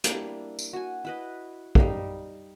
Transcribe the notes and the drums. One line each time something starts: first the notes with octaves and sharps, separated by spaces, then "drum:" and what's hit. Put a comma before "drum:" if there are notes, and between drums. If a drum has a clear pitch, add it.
G3 A#3 D4 E4, drum: hi-hat
drum: tambourine
F#4 G#5
E4 B4 D#5
G3 D#4 F5, drum: kick